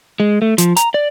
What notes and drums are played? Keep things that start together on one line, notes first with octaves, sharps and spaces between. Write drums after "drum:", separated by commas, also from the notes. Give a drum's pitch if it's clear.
G#3
A3
F3, drum: hi-hat
A#5, drum: hi-hat
D5